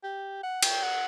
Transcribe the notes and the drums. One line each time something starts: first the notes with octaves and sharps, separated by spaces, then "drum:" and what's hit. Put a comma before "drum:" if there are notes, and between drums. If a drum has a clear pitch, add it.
G4
F#5
G5, drum: cymbal
F#5